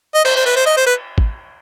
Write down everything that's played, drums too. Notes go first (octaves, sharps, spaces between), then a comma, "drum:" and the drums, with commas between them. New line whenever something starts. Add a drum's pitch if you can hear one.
D#5
C5, drum: cymbal
C5
B4
C5
D#5
C5
B4
drum: kick